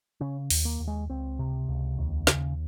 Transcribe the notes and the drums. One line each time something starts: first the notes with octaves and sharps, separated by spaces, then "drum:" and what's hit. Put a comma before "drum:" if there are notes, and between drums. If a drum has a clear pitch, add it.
C#3 C#4
D#2, drum: open hi-hat
A#3
D#2
G#3
C#2 C4
C3
C#2
D#2
C#3, drum: snare